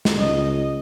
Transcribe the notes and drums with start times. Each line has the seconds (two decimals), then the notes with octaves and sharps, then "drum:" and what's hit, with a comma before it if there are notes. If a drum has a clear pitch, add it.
0.05 drum: snare
0.18 C#2 D#5